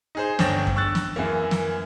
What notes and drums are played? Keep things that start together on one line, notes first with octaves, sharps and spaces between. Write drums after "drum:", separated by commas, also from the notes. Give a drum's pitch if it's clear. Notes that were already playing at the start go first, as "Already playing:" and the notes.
D#4 G#4 C5
G1 C#4 D4 G5 A#6, drum: snare
drum: kick F#2
C#6 E6 F#6 A6
drum: snare
F#2 E3 A#3
drum: snare